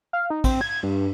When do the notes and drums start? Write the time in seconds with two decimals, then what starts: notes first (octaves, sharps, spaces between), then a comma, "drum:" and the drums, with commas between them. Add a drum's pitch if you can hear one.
0.13 F5
0.30 D#4
0.44 C4, drum: kick, cymbal
0.61 G#6
0.83 G2